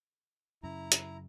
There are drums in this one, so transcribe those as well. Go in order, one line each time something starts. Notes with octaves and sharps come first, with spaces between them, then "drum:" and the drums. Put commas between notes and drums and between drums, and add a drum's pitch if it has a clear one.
F#2 C#3 E4 A#5
drum: hi-hat